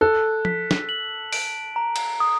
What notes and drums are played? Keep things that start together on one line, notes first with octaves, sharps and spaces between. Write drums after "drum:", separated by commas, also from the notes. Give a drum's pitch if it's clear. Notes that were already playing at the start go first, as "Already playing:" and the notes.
A4 F#6
B6, drum: tom F3
drum: snare
F#7
D7, drum: open hi-hat
A#5
drum: cymbal
D#6